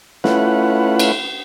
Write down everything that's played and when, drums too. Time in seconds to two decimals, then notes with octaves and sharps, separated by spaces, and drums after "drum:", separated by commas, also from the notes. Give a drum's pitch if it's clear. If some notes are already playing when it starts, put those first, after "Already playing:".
0.24 A3 C#4 E4 F4 B4 F#5, drum: snare
0.99 drum: cymbal